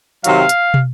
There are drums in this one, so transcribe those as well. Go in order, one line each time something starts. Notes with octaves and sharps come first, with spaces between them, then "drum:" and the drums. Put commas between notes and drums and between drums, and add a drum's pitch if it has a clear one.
C3 D#3 F#3 F5, drum: hi-hat
drum: hi-hat
drum: tom